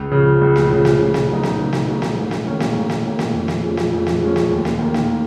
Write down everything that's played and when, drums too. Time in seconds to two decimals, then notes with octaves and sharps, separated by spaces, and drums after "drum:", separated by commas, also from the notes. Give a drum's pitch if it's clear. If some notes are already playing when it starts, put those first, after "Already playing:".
Already playing: C#2
0.11 C#3 F3
0.41 C#2
0.56 drum: snare
0.70 C#3 F3
0.85 drum: snare
1.00 C#3
1.14 drum: snare
1.28 F#3 B3 D#4
1.43 drum: snare
1.58 C#3
1.73 drum: snare
1.87 F#3 B3 D#4
2.02 drum: snare
2.17 G#2
2.31 drum: snare
2.45 D#3 A#3 C#4
2.60 drum: snare
2.75 G#2
2.90 drum: snare
3.05 D#3 A#3 C#4
3.19 drum: snare
3.33 F2
3.48 drum: snare
3.63 F3 G#3 C#4
3.77 drum: snare
3.92 F2
4.07 drum: snare
4.21 F3 G#3 C#4
4.36 drum: snare
4.51 D#2
4.65 drum: snare
4.79 D#3 A#3
4.94 drum: snare